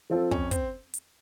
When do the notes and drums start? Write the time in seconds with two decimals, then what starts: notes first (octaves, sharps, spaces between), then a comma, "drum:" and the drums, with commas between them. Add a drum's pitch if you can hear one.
0.10 F3 C4 F4 A4
0.31 F2 C#4, drum: kick
0.51 C4, drum: kick, hi-hat
0.94 drum: hi-hat